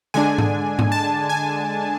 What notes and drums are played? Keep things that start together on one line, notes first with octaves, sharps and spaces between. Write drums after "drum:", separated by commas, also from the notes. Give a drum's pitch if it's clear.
D3 G#3 D4 G#5
drum: tom G#2
drum: tom G#2
A5
G#5